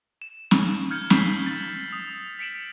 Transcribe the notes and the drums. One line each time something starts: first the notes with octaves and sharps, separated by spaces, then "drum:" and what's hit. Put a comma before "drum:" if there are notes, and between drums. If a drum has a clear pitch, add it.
E7
drum: snare
F6 G6 G#6 C#7
E6 G6 G#6 B6 C7 E7, drum: snare
A6
D#6
B6 C#7 D7 E7 F#7